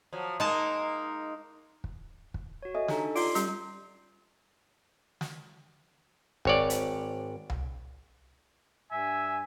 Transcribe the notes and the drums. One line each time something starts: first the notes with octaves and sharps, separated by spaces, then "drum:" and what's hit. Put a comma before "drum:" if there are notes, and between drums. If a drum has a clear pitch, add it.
F3 F#3
G#3 A#3 D#4 A5
drum: kick
drum: kick
F#4 C#5
A4 D#5 E5 G#5
D4 D#4 G4 A4 G#5 A#5, drum: snare
F4 D5 C6, drum: open hi-hat
G3 C#4 G4 G6, drum: hi-hat
drum: snare
G#1 C#5 D5, drum: kick
drum: hi-hat
drum: tom C2
G2 E5 G#5